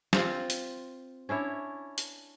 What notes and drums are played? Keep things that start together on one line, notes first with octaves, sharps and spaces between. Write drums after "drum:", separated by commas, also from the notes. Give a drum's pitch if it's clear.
C4 F4, drum: snare
drum: hi-hat
C#4 D4 E4 C#5
drum: hi-hat